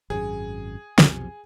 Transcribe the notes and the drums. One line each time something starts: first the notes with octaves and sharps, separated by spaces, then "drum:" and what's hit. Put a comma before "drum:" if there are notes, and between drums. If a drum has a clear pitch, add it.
G#1 F#2 G#4
B1 F2 C3, drum: snare